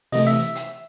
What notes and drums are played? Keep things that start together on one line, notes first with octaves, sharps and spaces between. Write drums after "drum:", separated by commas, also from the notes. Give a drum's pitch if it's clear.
C3 E3 A3 D#5, drum: open hi-hat
E5
drum: hi-hat